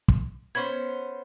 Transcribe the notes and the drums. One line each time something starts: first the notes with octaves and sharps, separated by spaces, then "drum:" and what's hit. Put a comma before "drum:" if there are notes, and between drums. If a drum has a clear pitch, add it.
drum: kick
B3 C#4 C5 B5 G#6